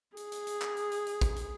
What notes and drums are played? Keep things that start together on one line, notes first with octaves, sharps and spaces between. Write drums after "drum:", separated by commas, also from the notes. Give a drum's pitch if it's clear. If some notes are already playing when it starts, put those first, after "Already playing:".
G#4, drum: hi-hat
drum: hi-hat
drum: hi-hat
drum: clap
drum: hi-hat
drum: hi-hat
drum: hi-hat
drum: kick, hi-hat
drum: hi-hat